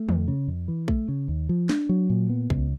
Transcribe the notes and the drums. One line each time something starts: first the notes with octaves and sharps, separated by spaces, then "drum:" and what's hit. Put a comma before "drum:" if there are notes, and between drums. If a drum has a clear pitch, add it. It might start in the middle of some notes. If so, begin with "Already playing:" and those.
Already playing: A3
F2, drum: tom
C#3
F2
E3
A3, drum: kick A#1
C#3
D#2
F3
D4, drum: snare
F#3
A#2
B3
C#2, drum: kick A#1